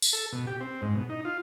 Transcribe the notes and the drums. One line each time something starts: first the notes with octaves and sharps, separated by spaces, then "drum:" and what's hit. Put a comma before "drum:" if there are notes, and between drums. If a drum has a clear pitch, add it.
drum: tambourine
A4
B2
G4
C4
G#2
B2
D#4
F4